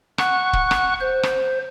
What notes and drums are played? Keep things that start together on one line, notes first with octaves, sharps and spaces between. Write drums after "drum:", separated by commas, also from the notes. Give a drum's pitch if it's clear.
F#5 C#6 F#6, drum: rim click
drum: kick
drum: rim click
C5
drum: rim click